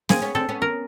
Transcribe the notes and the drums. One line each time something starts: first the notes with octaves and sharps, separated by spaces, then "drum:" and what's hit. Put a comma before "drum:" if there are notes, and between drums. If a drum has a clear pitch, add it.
A#3 C4 G#4, drum: snare
B3 C#4
C4 D4 A4
B3 C#4
A#4